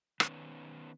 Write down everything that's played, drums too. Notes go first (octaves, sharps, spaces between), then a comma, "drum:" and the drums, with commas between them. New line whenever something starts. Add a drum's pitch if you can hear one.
D#3 B3 C#4, drum: rim click